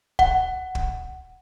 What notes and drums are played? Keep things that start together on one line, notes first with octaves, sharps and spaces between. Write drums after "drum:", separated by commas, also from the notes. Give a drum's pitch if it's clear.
F#5, drum: kick
drum: kick